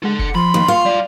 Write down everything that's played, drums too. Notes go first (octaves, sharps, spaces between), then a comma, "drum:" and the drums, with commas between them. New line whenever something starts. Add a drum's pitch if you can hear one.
G#3 A4 F#5
C#7, drum: kick F1
F3 B5 C6
D#2
F4 C#6
G3 D5 F5